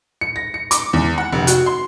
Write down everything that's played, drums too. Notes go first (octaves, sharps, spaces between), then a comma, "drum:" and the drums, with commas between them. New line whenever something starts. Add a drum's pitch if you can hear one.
C#7
A#6
C#7
D6, drum: hi-hat
E2
F#5
F1
F#4, drum: hi-hat
C6